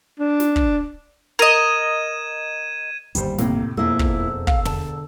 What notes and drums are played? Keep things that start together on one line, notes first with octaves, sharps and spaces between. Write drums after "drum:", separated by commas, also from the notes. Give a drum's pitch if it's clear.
D4
drum: snare
drum: kick
A#4 D#5 G#6 D#7 E7
G1 D#2 G#2 G3 C5, drum: hi-hat
F2 A2 C3 A#3, drum: snare
E1 F2 A#3 E4 F4 E6
drum: kick
F5, drum: kick
D3 A5, drum: tom